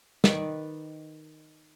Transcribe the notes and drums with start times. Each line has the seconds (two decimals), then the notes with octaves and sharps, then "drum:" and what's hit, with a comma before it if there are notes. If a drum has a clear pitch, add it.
0.24 D#3 B4 D5 C#6, drum: snare